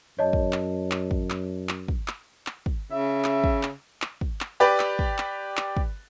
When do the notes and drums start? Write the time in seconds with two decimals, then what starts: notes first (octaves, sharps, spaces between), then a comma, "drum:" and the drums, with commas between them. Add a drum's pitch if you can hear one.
0.19 F#2 C#5 D#5 A5
0.33 drum: kick
0.53 drum: clap
0.91 drum: clap
1.11 drum: kick
1.30 drum: clap
1.69 drum: clap
1.88 drum: kick
2.08 drum: clap
2.47 drum: clap
2.66 drum: kick
2.91 C#3 E5
3.24 drum: clap
3.44 drum: kick
3.63 drum: clap
4.02 drum: clap
4.21 drum: kick
4.41 drum: clap
4.60 G4 B4 D5 B5
4.80 drum: clap
4.99 drum: kick
5.18 drum: clap
5.57 drum: clap
5.77 drum: kick